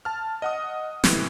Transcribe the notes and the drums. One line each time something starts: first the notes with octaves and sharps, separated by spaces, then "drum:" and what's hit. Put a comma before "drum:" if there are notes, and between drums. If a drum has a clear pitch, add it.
A5 F6
D#5 F#5 D#6
A2 C3 E3, drum: snare